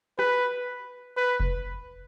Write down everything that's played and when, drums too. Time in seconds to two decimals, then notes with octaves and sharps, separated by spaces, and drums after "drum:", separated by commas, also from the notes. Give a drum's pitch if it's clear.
0.19 B4, drum: rim click
1.17 B4
1.40 drum: kick F1